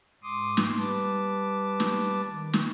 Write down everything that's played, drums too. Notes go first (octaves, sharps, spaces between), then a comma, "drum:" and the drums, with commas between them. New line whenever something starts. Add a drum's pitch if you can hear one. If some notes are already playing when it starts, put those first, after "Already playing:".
G#2 C6 D6 D#6
drum: snare
G3 B4 A5 D6
drum: snare
D#3
drum: snare